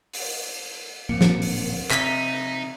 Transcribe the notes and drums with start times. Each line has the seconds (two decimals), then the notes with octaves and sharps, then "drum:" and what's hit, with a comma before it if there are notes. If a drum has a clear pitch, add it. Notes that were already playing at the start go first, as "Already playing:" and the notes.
0.13 drum: open hi-hat
1.09 D1 A#1 A#3 C4 C#7
1.21 drum: snare
1.42 drum: open hi-hat
1.91 C3 D#4 E5 A#5 B6, drum: clap